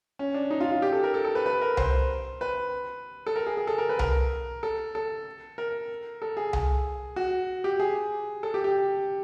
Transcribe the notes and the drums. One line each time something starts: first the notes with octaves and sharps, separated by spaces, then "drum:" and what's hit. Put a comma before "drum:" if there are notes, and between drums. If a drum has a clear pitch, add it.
C#4
D4
D#4
F4
F4
G4
A4
A#4
A4
A4
B4
B4
A#4
C5, drum: tom C2
B4
A4
A#4
G#4
G#4
A4
A#4
B4
A#4, drum: tom C2
A4
A4
A#4
A4
G#4
drum: tom C2
F#4
G4
G#4
A4
G4
G4